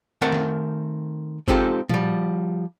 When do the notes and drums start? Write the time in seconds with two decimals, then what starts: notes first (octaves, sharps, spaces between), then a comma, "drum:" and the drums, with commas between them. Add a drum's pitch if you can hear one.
0.21 D#3 A3 C4 A#4 F#5 A5
0.32 drum: snare
1.48 G#3 C4 D#4 F4 G4 A4, drum: kick G1
1.89 F3 G3, drum: tom A#2